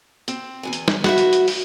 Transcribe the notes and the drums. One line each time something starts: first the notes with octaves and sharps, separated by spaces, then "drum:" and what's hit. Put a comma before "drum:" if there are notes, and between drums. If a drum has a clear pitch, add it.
C4, drum: hi-hat
E2 G#2 G#5
drum: hi-hat
drum: snare
F#4 B4 E5, drum: snare
drum: hi-hat
drum: hi-hat
drum: open hi-hat